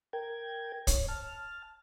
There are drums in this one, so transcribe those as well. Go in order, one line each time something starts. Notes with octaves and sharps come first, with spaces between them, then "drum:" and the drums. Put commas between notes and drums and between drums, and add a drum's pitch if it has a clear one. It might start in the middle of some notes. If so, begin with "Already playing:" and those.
A#4 G5 G#6
C#5, drum: kick, hi-hat
A5 F6